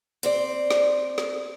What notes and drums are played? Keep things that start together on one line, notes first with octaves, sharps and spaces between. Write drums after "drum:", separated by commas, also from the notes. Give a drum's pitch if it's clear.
C4 C5 D5, drum: hi-hat
drum: snare
drum: snare